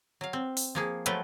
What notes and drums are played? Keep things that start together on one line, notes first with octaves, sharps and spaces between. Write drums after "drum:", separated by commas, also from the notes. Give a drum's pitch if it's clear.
F#3 F5
C4
drum: open hi-hat
F3 A#3 G#4
F3 F#3 A3 B4 G5, drum: hi-hat